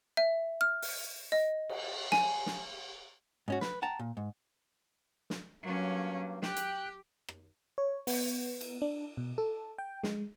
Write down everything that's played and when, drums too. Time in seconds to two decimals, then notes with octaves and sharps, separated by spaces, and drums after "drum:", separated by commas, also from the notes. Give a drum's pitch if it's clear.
0.17 E5
0.61 F6
0.82 drum: open hi-hat
1.32 D#5
1.69 drum: cymbal
2.12 G#5, drum: snare
2.46 drum: snare
3.48 G#2 C#4 F#4
3.61 B4, drum: snare
3.82 F#5 G5 A5 A#5
3.99 A#2
4.17 G#2
5.30 drum: snare
5.62 G2 F#3 A#3 C#4
6.42 G4 G5 F#6, drum: snare
6.56 drum: hi-hat
7.28 drum: rim click
7.78 C#5
8.07 B3, drum: open hi-hat
8.61 drum: cymbal
8.82 D4
9.17 B2
9.38 A4
9.78 G5
10.03 G#3, drum: snare